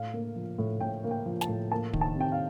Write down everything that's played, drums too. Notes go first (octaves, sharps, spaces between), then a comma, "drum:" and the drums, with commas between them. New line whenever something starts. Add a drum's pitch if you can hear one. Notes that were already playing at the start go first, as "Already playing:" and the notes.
Already playing: A2 F5
A#3
F3
A2
A2 G5
A#3
G5
F3
A5, drum: snare
A2
A#3 A5
D#3, drum: kick D1
A5
C3 G5
F5